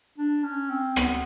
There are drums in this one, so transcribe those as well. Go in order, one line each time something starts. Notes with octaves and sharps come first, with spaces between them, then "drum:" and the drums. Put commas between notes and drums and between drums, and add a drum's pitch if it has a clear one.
D4
C#4
C4
B3, drum: rim click